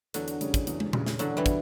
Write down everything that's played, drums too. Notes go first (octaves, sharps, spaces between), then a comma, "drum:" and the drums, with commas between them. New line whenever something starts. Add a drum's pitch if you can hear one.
E2 D3 F#3, drum: hi-hat
drum: hi-hat
C#3 G3 C#4, drum: hi-hat
drum: kick, hi-hat
E2, drum: hi-hat
drum: tom
C#3 G3 C#4, drum: tom A#2
drum: snare
E2 D3 F#3, drum: hi-hat
E3 G3
B2, drum: kick, hi-hat